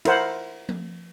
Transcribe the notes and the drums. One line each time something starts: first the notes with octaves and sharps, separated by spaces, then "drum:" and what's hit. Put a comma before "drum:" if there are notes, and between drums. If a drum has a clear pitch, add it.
E4 A#4 C5 F#5, drum: cymbal
drum: tom F3